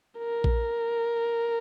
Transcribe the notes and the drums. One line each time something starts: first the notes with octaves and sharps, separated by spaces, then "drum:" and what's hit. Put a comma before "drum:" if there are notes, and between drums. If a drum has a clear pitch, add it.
A#4
drum: kick A#1